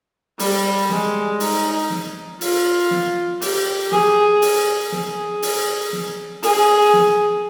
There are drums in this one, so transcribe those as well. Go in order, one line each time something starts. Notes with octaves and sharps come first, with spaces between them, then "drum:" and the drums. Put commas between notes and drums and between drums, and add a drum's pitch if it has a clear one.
G3, drum: open hi-hat
G#3, drum: snare
D#4, drum: open hi-hat
drum: snare
F4, drum: open hi-hat
drum: snare
G4, drum: open hi-hat
G#4, drum: snare
drum: open hi-hat
G#4, drum: snare
drum: open hi-hat
drum: snare
G#4, drum: open hi-hat
drum: snare